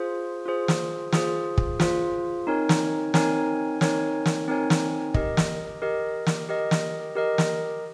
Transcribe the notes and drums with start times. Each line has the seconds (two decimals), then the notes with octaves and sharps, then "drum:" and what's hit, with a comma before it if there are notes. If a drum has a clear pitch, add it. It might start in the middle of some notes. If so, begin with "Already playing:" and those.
Already playing: F4 G#4 C5
0.46 F4 G#4 C5
0.68 drum: snare
1.12 F4 G#4 C5, drum: snare
1.58 drum: kick
1.80 F4 G#4 C5, drum: snare
2.47 C4 D#4 A#4 C#5 G#5
2.69 drum: snare
3.14 C4 D#4 A#4 C#5 G#5, drum: snare
3.81 C4 D#4 A#4 C#5 G#5, drum: snare
4.26 drum: snare
4.48 C4 D#4 A#4 C#5 G#5
4.70 drum: snare
5.14 G4 A#4 D#5, drum: kick
5.37 drum: snare
5.82 G4 A#4 D#5
6.26 drum: snare
6.49 G4 A#4 D#5
6.71 drum: snare
7.16 G4 A#4 D#5
7.38 drum: snare